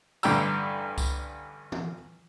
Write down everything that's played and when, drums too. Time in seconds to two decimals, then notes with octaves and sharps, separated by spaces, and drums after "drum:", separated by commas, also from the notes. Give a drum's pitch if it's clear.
0.23 A1 G2 D3 G5 A#5 E6, drum: tambourine
0.98 drum: kick C2, tambourine
1.72 drum: tom E3